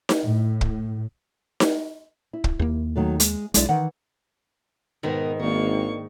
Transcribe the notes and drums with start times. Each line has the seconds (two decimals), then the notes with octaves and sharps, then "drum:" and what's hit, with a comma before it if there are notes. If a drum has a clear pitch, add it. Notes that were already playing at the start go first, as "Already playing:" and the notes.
0.09 drum: snare D#4
0.24 A2
0.61 drum: kick
1.60 drum: snare D#4
2.33 E4
2.44 drum: kick
2.59 D#2 A#3
2.96 D#3 F#3 A3
3.20 G#3, drum: hi-hat
3.54 B1 G#3 D4 E4 D5, drum: hi-hat
3.69 D#3 E3 F#5
5.03 G#2 B2 D#3 B3 A#4
5.40 G#1 A#3 D4 A#4 C#6